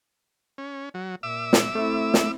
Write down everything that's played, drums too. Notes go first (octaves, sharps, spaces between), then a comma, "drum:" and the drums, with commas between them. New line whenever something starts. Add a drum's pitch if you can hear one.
C#4
F#3
A#2 E5 D6 E6
drum: snare
A3 C4 E4
drum: snare